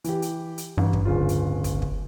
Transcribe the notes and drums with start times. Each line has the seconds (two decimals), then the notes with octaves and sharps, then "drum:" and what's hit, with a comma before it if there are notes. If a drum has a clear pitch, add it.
0.04 E3 G4, drum: hi-hat
0.22 drum: hi-hat
0.58 drum: hi-hat
0.77 A1 G2
0.93 drum: kick
1.05 D1 C#3 F4
1.29 drum: hi-hat
1.64 drum: kick, hi-hat
1.82 drum: kick